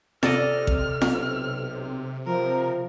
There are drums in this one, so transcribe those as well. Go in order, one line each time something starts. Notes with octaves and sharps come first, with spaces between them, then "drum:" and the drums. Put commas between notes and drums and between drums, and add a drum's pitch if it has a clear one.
C3 A4 D5 D#5 F6, drum: snare
drum: kick A1
B1, drum: snare
F3 A#4